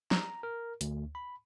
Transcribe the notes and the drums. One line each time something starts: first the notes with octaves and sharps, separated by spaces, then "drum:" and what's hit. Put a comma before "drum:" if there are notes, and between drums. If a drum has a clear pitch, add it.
A#5, drum: snare
A#4
D2, drum: hi-hat
B5